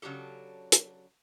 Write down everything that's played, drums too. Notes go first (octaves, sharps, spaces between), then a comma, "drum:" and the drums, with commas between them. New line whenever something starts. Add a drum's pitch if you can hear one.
C#3 F#3 D4 G4 A4
drum: hi-hat